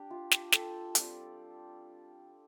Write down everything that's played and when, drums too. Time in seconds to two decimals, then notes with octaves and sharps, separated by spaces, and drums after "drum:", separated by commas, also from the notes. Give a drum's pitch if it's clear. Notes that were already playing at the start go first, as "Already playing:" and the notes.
Already playing: D4 G4
0.10 F4
0.31 G4, drum: snare
0.52 A4, drum: snare
0.95 G3 C4 F4 D5, drum: hi-hat